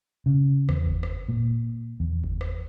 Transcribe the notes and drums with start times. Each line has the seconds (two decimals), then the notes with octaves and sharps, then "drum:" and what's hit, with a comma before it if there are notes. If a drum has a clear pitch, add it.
0.26 C#3
0.69 E2, drum: rim click
0.86 drum: kick F#1
1.03 drum: rim click
1.29 A#2
2.00 E2
2.24 drum: kick F#1
2.41 drum: rim click